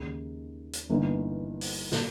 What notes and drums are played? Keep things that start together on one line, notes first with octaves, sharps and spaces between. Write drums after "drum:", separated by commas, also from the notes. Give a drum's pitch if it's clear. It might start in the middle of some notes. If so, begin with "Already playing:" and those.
Already playing: D#2 C#3 G#3 D#4 G#4
drum: hi-hat
G1 G2 E3 A#3 D#4
drum: open hi-hat
A#2 A#3, drum: snare